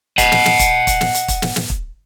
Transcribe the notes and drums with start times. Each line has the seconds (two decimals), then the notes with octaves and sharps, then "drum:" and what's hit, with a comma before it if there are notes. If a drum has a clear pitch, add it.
0.18 D#5 F#5, drum: kick, hi-hat
0.32 drum: snare
0.46 drum: snare
0.59 drum: kick, hi-hat
0.87 drum: kick, hi-hat
1.01 drum: snare
1.14 drum: hi-hat
1.28 drum: kick, hi-hat
1.42 drum: snare
1.56 drum: snare
1.70 drum: kick